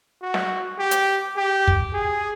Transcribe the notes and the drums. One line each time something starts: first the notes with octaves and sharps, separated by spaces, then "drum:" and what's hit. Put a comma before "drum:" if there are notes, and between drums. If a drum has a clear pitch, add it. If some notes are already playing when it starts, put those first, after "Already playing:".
F#4
drum: snare
G4
drum: hi-hat
G4
drum: kick
G#4